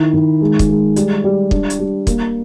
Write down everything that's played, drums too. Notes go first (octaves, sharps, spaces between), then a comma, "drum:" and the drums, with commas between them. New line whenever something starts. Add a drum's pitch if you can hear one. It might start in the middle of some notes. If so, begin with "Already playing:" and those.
Already playing: D#3 E4
D#3
G#3
drum: kick, hi-hat
G#3
G3, drum: hi-hat
G3
D4, drum: kick
drum: hi-hat
G3
A#3, drum: kick, hi-hat